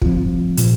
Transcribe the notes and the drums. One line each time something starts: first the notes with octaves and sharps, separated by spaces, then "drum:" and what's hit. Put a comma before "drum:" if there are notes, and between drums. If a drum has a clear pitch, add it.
F3 C4 F4, drum: kick
A#2 F3, drum: hi-hat